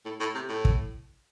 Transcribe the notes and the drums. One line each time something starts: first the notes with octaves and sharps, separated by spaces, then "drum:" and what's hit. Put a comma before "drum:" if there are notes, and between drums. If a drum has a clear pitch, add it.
A2
A2
C3
A2
drum: kick